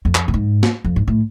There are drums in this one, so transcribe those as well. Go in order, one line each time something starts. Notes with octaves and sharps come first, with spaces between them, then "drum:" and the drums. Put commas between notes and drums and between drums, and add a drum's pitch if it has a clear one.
F2
drum: clap
A2
G#2
drum: snare
F2
G#2
A2